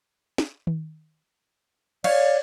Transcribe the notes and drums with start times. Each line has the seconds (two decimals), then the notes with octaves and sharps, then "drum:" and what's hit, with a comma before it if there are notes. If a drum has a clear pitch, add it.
0.38 drum: snare
0.67 drum: tom D#3
2.04 C#5 D5 F5, drum: cymbal